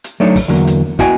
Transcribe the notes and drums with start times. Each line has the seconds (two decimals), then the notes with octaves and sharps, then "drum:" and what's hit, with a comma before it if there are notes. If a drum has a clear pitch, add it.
0.04 drum: hi-hat
0.20 F#3 A3 D4 D#4 C#5
0.36 drum: kick, open hi-hat
0.48 E2 D3 F#3 A#3
0.67 drum: hi-hat
0.99 B3 E4 F#4 D#5 G5 G#5, drum: kick, hi-hat